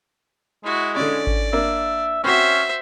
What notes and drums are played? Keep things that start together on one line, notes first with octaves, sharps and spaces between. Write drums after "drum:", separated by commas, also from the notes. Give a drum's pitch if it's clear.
G#3 E4 F#4
D3 C#4 D5
drum: kick G#1
A#3 D4 E5
C4 C#4 F#4 C5 E5